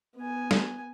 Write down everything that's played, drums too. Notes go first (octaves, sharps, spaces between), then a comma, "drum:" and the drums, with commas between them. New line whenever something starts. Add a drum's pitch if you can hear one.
B3 G#5
drum: snare